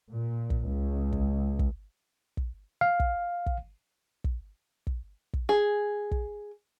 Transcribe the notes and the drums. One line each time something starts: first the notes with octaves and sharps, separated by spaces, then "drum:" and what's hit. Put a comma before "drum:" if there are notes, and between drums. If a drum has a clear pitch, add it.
A#2
drum: kick
C#2
drum: kick
drum: kick
drum: kick
F5
drum: kick
drum: kick
drum: kick
drum: kick
drum: kick
G#4
drum: kick